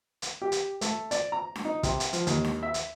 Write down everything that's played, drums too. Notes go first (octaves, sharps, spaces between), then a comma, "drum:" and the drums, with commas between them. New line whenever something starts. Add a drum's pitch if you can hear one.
drum: hi-hat
G4
drum: hi-hat
A3, drum: hi-hat
D5, drum: hi-hat
A#5
drum: snare D4
D#4
C3, drum: kick, hi-hat
drum: hi-hat
F3, drum: hi-hat
D#2, drum: hi-hat
drum: snare D4
E5
drum: hi-hat